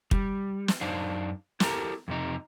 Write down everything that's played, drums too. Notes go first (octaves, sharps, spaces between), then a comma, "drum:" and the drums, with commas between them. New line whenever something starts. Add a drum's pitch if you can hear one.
G3, drum: kick
drum: snare
F#2 D4 D#4 C5 F5
E4 G4 A4 A#4 F#5 A#5, drum: snare
F2 C3 D#4